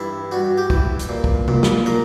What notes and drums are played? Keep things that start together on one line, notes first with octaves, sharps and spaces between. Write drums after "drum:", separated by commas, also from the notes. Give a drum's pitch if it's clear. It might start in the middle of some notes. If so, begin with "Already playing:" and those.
Already playing: G2 E3 E4
G2 F#4
G4
E3, drum: kick
drum: hi-hat
A#2
drum: kick
A#2, drum: tom C3
drum: snare
A#2 A#4